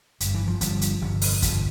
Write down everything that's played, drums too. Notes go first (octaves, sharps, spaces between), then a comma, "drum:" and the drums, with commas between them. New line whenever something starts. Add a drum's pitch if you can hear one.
G1, drum: hi-hat
G2
E3
F3
G1 G2 F3, drum: hi-hat
drum: hi-hat
G1 F2 C3
drum: open hi-hat
G1 F2 C3 F3, drum: kick, hi-hat